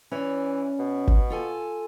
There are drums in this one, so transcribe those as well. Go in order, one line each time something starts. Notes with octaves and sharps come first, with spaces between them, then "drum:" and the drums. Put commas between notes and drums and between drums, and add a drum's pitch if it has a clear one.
E3 C#4 C#5 D5
B2
drum: kick
F4 A4 G#5